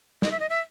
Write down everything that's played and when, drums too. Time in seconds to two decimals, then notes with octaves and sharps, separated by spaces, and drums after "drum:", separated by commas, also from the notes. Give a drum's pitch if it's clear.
0.22 D#5, drum: snare
0.31 E5
0.40 D#5
0.50 E5